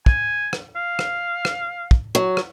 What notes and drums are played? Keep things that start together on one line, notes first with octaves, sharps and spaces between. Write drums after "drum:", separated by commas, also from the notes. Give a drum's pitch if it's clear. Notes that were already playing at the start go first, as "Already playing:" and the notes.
G#5, drum: kick
drum: rim click
F5
drum: rim click
drum: rim click
drum: kick
F#3
drum: rim click